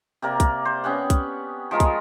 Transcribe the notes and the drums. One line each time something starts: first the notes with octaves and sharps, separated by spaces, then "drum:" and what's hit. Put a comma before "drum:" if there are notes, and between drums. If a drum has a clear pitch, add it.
C3 A#3 A#4 D5
drum: kick, hi-hat
C5
B3 C#4 G4 F#5
drum: kick, hi-hat
F3 G#3 F4 A#4
drum: kick, hi-hat